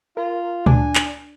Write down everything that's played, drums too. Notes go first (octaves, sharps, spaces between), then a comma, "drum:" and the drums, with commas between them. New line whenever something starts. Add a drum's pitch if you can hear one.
F4 A#4
D2 D4 G#5, drum: tom A#2
drum: clap